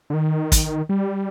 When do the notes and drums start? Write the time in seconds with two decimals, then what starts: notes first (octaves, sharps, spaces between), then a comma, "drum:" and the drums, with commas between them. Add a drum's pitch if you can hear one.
0.10 D3
0.14 D#3
0.52 drum: kick, hi-hat
0.89 G3